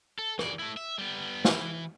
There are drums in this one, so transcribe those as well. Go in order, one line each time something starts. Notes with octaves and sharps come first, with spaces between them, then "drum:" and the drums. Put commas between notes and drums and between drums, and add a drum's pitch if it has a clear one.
A4
E3 D5, drum: rim click
A3 E4
E5
G3 B3
E3, drum: snare